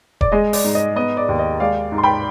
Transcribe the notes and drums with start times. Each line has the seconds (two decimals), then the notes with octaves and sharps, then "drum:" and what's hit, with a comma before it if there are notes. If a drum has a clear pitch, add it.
0.21 D5, drum: kick E1
0.32 G#3 D#5
0.53 D5, drum: open hi-hat
0.64 G#2
0.75 D#5
0.96 B3 D#5
1.17 D5
1.28 D#2
1.39 D#5
1.60 G#3 D5 F5
1.92 G#2
1.98 C6
2.03 G5 B5